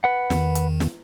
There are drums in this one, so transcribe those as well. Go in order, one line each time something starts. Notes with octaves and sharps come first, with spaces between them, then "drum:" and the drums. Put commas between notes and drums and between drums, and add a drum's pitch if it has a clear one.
B4 F#5
E2 D#3, drum: snare
drum: hi-hat
drum: snare